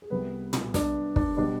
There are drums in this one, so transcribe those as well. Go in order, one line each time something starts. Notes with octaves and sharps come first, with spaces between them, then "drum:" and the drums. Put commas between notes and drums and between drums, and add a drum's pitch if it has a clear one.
G#4
C2 C3 G3 B3 B4
drum: tom
D4 D5, drum: snare
D4 D5, drum: kick
B2 G3 D4 D5